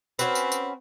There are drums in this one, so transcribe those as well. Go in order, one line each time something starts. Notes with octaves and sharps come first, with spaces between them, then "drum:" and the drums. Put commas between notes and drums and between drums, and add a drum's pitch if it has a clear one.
C4 C#4 F#4 B4, drum: tambourine
drum: tambourine
drum: tambourine